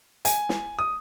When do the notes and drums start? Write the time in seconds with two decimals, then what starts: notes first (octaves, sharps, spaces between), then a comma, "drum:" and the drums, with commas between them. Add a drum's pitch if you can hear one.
0.25 G#5, drum: hi-hat
0.49 drum: snare
0.79 D#6